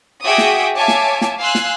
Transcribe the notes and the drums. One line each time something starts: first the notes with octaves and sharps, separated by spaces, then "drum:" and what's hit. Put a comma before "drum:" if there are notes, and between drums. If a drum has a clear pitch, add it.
F#4 G#4 E5 G5 D6 D#6
drum: snare
C#5 E5 F5 G#5 A5 D6
drum: snare
drum: snare
F5 G#5 C6 E6 F#6
drum: snare